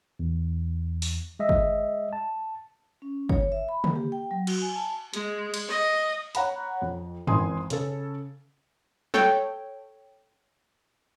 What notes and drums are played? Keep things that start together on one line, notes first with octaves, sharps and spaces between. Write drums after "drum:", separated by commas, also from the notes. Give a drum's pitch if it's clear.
E2
drum: open hi-hat
G#3 D#5 E5
drum: kick
A5
C#4
C#5, drum: kick
E5
B5
A#3, drum: tom
G4
G5
F#3
F#4, drum: cymbal
G#5
A5
G#3, drum: hi-hat
drum: cymbal
D#5
C#5 F#5 A#5 B5, drum: hi-hat
F2
G#1 E3 C4 G#5 C6 D#6, drum: tom
C#3 C#4 A4, drum: hi-hat
A4 C#5 G5, drum: snare